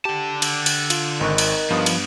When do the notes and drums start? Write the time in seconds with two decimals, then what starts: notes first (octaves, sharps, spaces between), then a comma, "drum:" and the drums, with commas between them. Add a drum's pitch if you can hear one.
0.05 D3 G4 A5
0.42 drum: cymbal
0.66 drum: cymbal
0.90 F4, drum: cymbal
1.21 G#1 D#3 C#6 F#6
1.38 drum: cymbal
1.70 G2 F3 B3 D#6
1.86 drum: cymbal